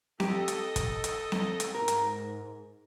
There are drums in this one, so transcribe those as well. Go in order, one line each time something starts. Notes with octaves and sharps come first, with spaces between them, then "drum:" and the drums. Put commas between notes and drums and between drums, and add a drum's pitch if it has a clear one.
G4 A4 D#5, drum: snare C4
drum: hi-hat
drum: kick, hi-hat
drum: hi-hat
drum: snare C4
drum: hi-hat
G#2 A#4
drum: hi-hat